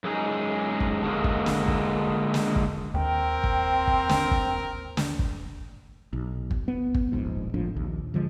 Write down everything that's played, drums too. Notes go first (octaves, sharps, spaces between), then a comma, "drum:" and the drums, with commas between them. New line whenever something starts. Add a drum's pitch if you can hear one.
F#2 G#3 D#4 G#4
drum: kick
D3 G#3 A#3
drum: kick
drum: snare
drum: kick
drum: snare
drum: kick
D#2 C4 A#4 G5
drum: kick
drum: kick
drum: snare
drum: kick
drum: snare
drum: kick
B1
drum: kick
B3
drum: kick
D#1 A#1 G#2
G#1 A2 F3 D4
A#1 D#2
D3 F3 G3 G#3